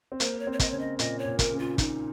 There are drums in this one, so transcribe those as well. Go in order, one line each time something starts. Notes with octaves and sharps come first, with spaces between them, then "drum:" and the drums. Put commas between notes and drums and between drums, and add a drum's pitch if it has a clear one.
C4
A#3 C5, drum: hi-hat
C#5
C4
C#5
D#5, drum: kick, hi-hat
C#3 C#5
D#5
A#2 D#5, drum: hi-hat
C#5
A#2
A#4, drum: kick, hi-hat
C#3
F4
D#4, drum: kick, hi-hat